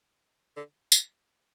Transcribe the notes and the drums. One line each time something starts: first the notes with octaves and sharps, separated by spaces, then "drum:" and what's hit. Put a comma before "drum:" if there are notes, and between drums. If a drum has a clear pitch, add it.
D3
drum: tambourine